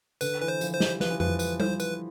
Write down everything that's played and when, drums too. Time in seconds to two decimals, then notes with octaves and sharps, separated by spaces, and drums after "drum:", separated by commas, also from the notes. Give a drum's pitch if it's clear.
0.21 D3 B4, drum: tambourine
0.41 E3 B4
0.48 C5
0.61 F3, drum: tambourine
0.74 C5
0.80 G3, drum: snare
1.00 F3 B4, drum: snare
1.10 E3
1.20 F3 B4, drum: tom F2
1.40 B4, drum: tambourine
1.60 C5, drum: tom G3
1.80 B4, drum: tambourine